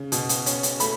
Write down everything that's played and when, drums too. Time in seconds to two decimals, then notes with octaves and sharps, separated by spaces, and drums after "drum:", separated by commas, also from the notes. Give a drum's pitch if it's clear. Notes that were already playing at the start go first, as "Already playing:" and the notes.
Already playing: C#3
0.12 B2, drum: hi-hat
0.29 drum: hi-hat
0.46 C#4, drum: hi-hat
0.63 drum: hi-hat
0.80 A3 B5, drum: hi-hat